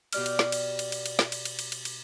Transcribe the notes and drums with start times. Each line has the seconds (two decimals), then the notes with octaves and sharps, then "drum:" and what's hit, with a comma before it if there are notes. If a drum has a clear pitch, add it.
0.13 B2 G4 D5 F6, drum: cymbal
0.26 drum: cymbal
0.39 drum: snare
0.52 drum: cymbal
0.79 drum: cymbal
0.92 drum: cymbal
1.06 drum: cymbal
1.19 drum: snare
1.32 drum: cymbal
1.45 drum: cymbal
1.59 drum: cymbal
1.72 drum: cymbal
1.85 drum: cymbal